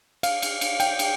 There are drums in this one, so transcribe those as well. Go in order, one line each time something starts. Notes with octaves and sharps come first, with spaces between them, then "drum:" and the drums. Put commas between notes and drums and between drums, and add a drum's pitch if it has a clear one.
F5, drum: cymbal
drum: cymbal
drum: cymbal
G5, drum: cymbal
drum: cymbal